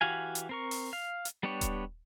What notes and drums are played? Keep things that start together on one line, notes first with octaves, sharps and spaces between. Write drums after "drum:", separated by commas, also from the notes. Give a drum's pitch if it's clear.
E3 F#4 G4 F5 G#5
drum: hi-hat
C4 A#4 C#6
drum: open hi-hat
F5
drum: hi-hat
G3 B3 D4 G4 C#5
drum: kick D#1, hi-hat